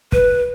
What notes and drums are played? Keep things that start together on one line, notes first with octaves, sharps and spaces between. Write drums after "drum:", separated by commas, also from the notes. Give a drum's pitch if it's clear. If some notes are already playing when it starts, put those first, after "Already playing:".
B4, drum: kick